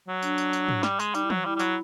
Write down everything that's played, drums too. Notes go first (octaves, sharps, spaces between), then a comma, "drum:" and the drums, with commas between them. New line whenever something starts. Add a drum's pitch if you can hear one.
F#3
D4, drum: tambourine
drum: tambourine
drum: tambourine
drum: tom G#2
G3, drum: snare
G#3, drum: tambourine
G3 D#4, drum: tambourine
E4
F#3, drum: tom E3
G3 E4
G3
F#3, drum: tambourine